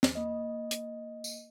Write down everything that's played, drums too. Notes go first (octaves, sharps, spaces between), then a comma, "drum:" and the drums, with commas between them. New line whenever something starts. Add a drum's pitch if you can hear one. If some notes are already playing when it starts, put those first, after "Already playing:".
drum: snare
A#3 D#5
drum: hi-hat
drum: tambourine